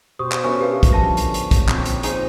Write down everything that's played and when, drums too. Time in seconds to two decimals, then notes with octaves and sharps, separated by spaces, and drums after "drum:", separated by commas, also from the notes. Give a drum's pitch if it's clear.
0.19 B2 G4 C5 C#6 D#6
0.32 drum: clap
0.44 B3 C#4 D4 A#4 E5
0.61 G4 B4 F5
0.83 drum: kick, hi-hat
0.93 D3 F3 G3 A5 A#6
1.17 drum: hi-hat
1.34 drum: hi-hat
1.51 drum: kick, hi-hat
1.68 A#2 C4, drum: clap
1.86 drum: hi-hat
2.03 D#4 G#4 C5, drum: hi-hat